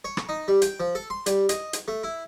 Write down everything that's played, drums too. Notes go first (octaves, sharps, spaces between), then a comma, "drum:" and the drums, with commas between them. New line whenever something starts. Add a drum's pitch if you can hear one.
C#5
drum: rim click
D#4
G3
G5, drum: hi-hat
F3
A4
C6
G3, drum: hi-hat
D#5, drum: hi-hat
drum: hi-hat
A3
E4